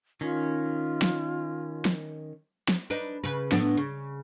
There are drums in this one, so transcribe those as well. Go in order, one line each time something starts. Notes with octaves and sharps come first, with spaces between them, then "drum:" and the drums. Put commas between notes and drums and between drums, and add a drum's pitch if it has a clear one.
D#3 C#4 F4
drum: snare
drum: snare
drum: snare
D4 D#4 B4
C#3 B4
A2 B3 D4, drum: snare
C#3